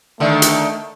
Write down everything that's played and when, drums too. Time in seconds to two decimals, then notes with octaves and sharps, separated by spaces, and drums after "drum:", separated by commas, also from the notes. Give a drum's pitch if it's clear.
0.20 D3 D#3 A3
0.42 drum: hi-hat